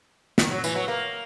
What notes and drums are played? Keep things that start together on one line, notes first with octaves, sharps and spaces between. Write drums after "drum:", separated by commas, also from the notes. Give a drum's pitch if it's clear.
D#3, drum: snare
F#3
E3, drum: tambourine
F#3
A#3